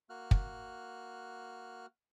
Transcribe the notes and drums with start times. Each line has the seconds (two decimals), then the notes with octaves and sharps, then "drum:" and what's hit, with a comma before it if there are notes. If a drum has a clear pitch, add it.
0.10 A#3 F#4 F6 F#6
0.31 drum: kick